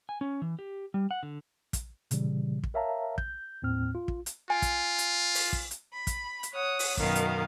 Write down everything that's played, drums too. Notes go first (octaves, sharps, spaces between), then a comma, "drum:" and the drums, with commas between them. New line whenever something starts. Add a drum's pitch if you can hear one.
G#5
C#4
E3
G4
G3
F#5
D3
drum: kick, hi-hat
A#2 C#3 E3 G3, drum: hi-hat
drum: kick
A#4 C#5 E5 F5 A5 A#5
G6, drum: kick
D#2 A2 C4 F6
F4
drum: kick
drum: hi-hat
F4 G#5
drum: kick, hi-hat
drum: hi-hat
drum: open hi-hat
drum: kick
drum: hi-hat
B5
drum: kick, hi-hat
drum: hi-hat
C#5 F#5 D#6
drum: open hi-hat
F#2 B2 D#3 B3 F5, drum: kick
drum: hi-hat